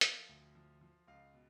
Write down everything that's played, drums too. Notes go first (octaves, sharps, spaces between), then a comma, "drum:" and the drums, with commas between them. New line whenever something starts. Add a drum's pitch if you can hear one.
F3 F5, drum: hi-hat
D2
F3
F3
C#2 F5
B2